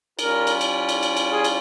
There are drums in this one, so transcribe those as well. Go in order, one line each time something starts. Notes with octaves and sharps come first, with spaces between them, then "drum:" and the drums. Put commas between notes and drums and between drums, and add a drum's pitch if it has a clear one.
G3 C#4 F4 A#4, drum: cymbal
drum: cymbal
drum: cymbal
drum: cymbal
drum: cymbal
drum: cymbal
G#4
drum: cymbal